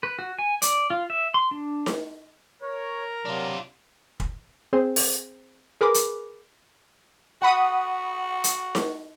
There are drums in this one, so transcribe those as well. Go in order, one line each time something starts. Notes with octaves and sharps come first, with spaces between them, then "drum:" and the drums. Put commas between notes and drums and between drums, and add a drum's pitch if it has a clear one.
B4
F#4
G#5
D5, drum: hi-hat
F4
E5
C6
D4
drum: snare D#4
A#4 C#5
C3 F#3 D4 F4
drum: kick
C4 G#4 C5
drum: open hi-hat
G#4 A#4 B4 B5 D6
drum: hi-hat
F#4 F#5 B5 D#6
drum: hi-hat
drum: snare D#4